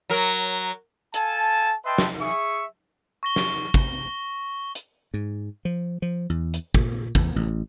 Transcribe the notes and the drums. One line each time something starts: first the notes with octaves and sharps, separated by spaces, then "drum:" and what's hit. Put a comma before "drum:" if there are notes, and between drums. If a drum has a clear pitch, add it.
F#3 A#4
A4 F5 G#5 A5, drum: hi-hat
B4 D#5 E5 G5 A5 C6
drum: snare
G#4 E5 C#6
C#6 A#6 G7
drum: snare
drum: kick
drum: hi-hat
G#2
F3
F3
E2
drum: hi-hat
A#2, drum: kick
E2, drum: kick
A1